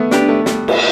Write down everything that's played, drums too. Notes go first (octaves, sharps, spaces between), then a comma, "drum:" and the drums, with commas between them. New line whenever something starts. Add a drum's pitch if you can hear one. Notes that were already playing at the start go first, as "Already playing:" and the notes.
Already playing: A3 B3
D4 G4 B4, drum: snare
A3
G3, drum: snare
drum: cymbal